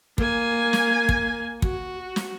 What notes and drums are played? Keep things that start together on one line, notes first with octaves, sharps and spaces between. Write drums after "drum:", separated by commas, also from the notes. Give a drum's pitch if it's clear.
A#3 G#5, drum: kick
drum: snare
drum: kick
F#4, drum: kick
drum: snare